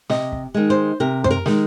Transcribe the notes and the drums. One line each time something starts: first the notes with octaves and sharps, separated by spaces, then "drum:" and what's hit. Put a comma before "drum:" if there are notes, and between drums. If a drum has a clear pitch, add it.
C3 D#5, drum: snare
drum: kick
D#3 G#3
C5
C3 A#4
C5, drum: tom F#2
A#4
D#3 G#3, drum: snare